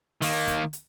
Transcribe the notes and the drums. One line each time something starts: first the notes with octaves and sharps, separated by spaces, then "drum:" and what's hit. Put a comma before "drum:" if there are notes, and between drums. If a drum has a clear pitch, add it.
D#3 A#3, drum: open hi-hat
drum: kick, hi-hat
drum: hi-hat